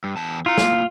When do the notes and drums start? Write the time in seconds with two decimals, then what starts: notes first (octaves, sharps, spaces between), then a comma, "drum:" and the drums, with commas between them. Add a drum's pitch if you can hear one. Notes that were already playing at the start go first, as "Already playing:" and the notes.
0.04 G2
0.17 E2 A5
0.46 E4 F4 A#5
0.58 A2 A#3, drum: snare